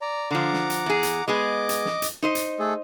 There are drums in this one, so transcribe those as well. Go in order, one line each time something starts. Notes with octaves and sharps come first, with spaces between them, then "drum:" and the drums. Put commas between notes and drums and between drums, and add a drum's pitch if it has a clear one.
D5 A#5
D3 F3 F#5 A#5 D6
drum: snare
drum: hi-hat
E2 G#4
drum: hi-hat
G#3 B3 G#4 D#5 D6
drum: hi-hat
drum: snare
drum: hi-hat
D#4 C5 D#5
drum: hi-hat
A3 G#4 A4